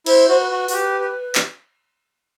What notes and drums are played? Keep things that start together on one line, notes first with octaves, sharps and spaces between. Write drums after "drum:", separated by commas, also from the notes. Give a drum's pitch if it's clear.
E4 C5, drum: cymbal
F#4 C5
B4
F#4
F#4, drum: open hi-hat
G4
G4
drum: clap